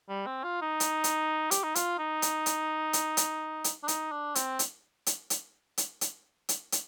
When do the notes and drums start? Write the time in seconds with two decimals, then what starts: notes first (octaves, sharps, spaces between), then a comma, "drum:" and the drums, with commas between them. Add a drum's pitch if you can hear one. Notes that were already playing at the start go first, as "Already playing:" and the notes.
0.09 G3
0.27 C4
0.44 F4
0.62 D#4
0.80 drum: hi-hat
1.04 drum: hi-hat
1.51 G4, drum: hi-hat
1.64 D#4
1.75 F4, drum: hi-hat
1.99 D#4
2.22 drum: hi-hat
2.46 drum: hi-hat
2.93 drum: hi-hat
3.17 drum: hi-hat
3.64 drum: hi-hat
3.83 D4
3.88 D#4, drum: hi-hat
4.12 D4
4.35 C4, drum: hi-hat
4.59 drum: hi-hat
5.06 drum: hi-hat
5.30 drum: hi-hat
5.78 drum: hi-hat
6.01 drum: hi-hat
6.49 drum: hi-hat
6.72 drum: hi-hat